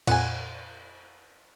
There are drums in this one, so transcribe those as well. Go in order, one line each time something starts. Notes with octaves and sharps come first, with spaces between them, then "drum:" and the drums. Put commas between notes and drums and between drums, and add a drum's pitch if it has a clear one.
F2 A#2 F#5 G#5, drum: cymbal